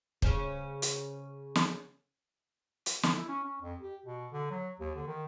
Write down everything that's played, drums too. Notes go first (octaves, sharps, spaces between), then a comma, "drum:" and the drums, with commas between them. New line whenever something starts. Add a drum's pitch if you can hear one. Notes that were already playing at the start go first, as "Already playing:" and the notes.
C#3 C#4 C5, drum: kick
drum: hi-hat
drum: snare
drum: hi-hat
D3, drum: snare
E4
C#4
C#4
F2
G4
B2
D3
F#3
D#2
D3
D#3